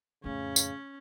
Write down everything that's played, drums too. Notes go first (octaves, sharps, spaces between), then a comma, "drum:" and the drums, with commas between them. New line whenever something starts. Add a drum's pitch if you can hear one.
F2 A2 C#3 C#4
drum: tambourine